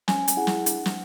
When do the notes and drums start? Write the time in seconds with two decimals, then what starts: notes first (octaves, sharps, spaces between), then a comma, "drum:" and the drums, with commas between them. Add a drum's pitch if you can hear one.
0.08 C#4 G#5, drum: snare
0.28 drum: hi-hat
0.37 E4 G#4 F#5
0.47 drum: snare
0.66 D4, drum: hi-hat
0.86 drum: snare